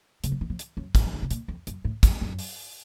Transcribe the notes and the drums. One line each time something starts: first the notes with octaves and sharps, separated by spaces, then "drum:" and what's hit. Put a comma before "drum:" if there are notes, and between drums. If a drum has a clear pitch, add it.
C#3, drum: hi-hat
F3
D#3
F3
drum: hi-hat
F#2
A2, drum: kick, hi-hat
F3
D#3
C3
A#2, drum: hi-hat
F2
F#2, drum: hi-hat
A2
F2, drum: kick, hi-hat
F#2
drum: open hi-hat